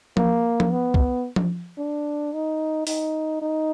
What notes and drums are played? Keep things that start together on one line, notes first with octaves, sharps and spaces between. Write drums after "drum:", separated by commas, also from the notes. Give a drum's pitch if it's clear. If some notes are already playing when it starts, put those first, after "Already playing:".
A#3, drum: tom F3
drum: tom F3
B3
drum: kick
drum: tom F3
D4
D#4
D#4, drum: open hi-hat
D#4